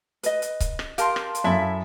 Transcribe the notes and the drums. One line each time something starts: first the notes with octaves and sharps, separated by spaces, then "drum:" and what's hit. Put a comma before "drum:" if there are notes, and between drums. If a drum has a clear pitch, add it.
B4 D#5, drum: hi-hat
drum: hi-hat
drum: kick C#1, hi-hat
drum: rim click
G4 A#4 F5 A5 C6, drum: hi-hat
drum: rim click
drum: hi-hat
F#2 E4 A4 E5